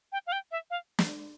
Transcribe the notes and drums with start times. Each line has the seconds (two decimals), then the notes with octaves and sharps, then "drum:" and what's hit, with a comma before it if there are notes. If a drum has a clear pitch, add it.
0.12 G5
0.27 F5
0.32 G5
0.51 E5
0.70 F5
0.99 drum: snare